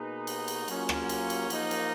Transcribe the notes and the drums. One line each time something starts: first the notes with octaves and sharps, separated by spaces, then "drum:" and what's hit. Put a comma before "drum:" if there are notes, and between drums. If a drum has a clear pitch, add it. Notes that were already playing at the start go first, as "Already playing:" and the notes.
Already playing: B2 A#3 D#4 G#4 B4
drum: cymbal
drum: cymbal
F#3 A#3 C#4 F4, drum: cymbal
drum: rim click
drum: cymbal
drum: cymbal
F3 A#3 D#4 A#4, drum: cymbal
drum: cymbal